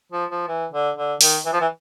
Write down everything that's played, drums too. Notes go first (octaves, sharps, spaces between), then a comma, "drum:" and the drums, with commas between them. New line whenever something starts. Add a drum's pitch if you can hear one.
F3
F3
E3
D3
D3
D#3, drum: open hi-hat
E3
F3
E3